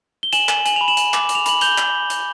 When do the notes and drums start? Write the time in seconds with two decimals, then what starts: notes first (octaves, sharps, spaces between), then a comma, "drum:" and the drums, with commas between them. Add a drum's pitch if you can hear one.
0.23 G7
0.33 G#5 E7 F#7, drum: hi-hat
0.49 G#5, drum: clap
0.66 G#5 F#7, drum: hi-hat
0.76 B5 F7
0.88 E7 F#7
0.97 G#5, drum: hi-hat
1.14 D6, drum: clap
1.29 D6, drum: hi-hat
1.35 F7
1.46 B5 F#7, drum: hi-hat
1.61 G6 F7 G7, drum: hi-hat
1.78 drum: clap
2.10 drum: hi-hat